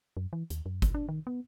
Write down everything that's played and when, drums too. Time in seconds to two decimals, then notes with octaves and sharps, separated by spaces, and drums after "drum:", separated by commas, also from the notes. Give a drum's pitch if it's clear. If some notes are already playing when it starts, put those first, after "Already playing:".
0.17 F#2
0.33 E3
0.50 D#2, drum: hi-hat
0.66 F#2
0.82 A#1, drum: kick G1, hi-hat
0.94 D4
1.09 D#3
1.27 B3